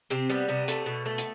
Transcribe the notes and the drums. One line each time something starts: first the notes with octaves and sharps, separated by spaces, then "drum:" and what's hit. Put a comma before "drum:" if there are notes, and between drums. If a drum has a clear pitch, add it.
C3 C4
G3 B3
C3 B3
A3, drum: hi-hat
B2
A3
drum: hi-hat